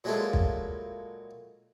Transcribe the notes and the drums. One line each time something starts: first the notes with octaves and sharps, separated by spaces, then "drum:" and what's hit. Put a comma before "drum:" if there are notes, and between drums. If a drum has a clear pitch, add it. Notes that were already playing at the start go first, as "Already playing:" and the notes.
A#2 F#3 G#3 A3 E4 F4
drum: kick